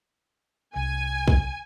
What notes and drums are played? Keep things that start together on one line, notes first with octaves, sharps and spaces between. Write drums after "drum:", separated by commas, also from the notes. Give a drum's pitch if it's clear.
C2 G#5
drum: kick